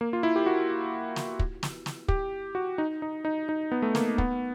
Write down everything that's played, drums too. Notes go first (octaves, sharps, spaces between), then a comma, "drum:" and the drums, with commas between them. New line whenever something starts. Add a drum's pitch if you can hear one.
A#3
F4
E4
G4
F#4
drum: snare
drum: kick
drum: snare
drum: snare
G4, drum: kick
F#4
D#4
D#4
D#4
D#4
B3
A3
A#3, drum: snare
B3, drum: kick